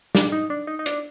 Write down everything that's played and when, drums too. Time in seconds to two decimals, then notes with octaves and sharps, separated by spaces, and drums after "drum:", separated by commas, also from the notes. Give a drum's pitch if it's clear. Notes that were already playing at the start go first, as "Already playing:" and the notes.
0.15 D4, drum: snare
0.32 D#4
0.50 D4
0.67 D#4
0.79 D#4
0.86 D4, drum: hi-hat